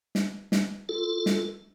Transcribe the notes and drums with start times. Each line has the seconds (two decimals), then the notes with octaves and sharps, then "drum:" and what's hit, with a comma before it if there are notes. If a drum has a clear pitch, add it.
0.15 drum: snare
0.52 drum: snare
0.89 F4 A4
1.26 drum: snare